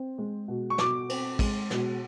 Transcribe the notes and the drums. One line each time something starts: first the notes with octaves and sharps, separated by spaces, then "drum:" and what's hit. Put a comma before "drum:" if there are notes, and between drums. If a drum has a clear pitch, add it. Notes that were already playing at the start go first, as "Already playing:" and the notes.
Already playing: C4
G#3
B2
C#6
B2 D6, drum: snare
C4, drum: cymbal
G#3, drum: kick, cymbal
B2, drum: snare